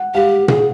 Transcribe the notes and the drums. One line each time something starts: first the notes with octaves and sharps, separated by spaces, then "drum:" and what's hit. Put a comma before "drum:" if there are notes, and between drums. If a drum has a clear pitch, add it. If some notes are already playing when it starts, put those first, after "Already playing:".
Already playing: F#5
G4 F5
G#4, drum: tom A#2